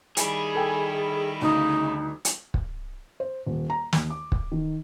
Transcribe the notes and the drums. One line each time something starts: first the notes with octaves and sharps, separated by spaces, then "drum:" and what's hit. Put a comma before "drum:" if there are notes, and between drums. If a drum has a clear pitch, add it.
D#3 G3 E4 G#4, drum: hi-hat
A4 G5 G#5
D2 C#3 D#4
drum: hi-hat
drum: kick
C5
D#1
A#5
D#2, drum: snare
D6
drum: kick
D#3